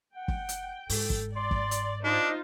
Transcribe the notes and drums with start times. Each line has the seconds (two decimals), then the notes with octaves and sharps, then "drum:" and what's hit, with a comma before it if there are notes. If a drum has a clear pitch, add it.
0.16 F#5 G5
0.28 drum: kick
0.49 drum: hi-hat
0.90 G#2 A4, drum: open hi-hat
1.10 drum: kick
1.36 D5 C6
1.51 drum: kick
1.71 drum: hi-hat
2.04 D4 D#4 F4 C5 D#5